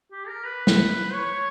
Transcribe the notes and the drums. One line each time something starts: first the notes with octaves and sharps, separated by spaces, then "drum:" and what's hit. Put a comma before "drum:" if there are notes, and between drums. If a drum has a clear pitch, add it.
G4
A#4
B4
drum: snare
C#5